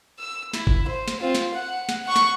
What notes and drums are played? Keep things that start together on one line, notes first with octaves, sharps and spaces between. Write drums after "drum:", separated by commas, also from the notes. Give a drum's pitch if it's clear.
E6
E4, drum: snare
drum: kick G1
C5
drum: snare
C4 F4
drum: snare
F#5
drum: snare
F#5 C#6
drum: snare